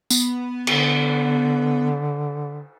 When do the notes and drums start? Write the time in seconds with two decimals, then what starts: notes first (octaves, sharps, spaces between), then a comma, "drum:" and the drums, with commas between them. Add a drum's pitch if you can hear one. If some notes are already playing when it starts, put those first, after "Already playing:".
0.10 B3, drum: tambourine
0.67 D3, drum: cymbal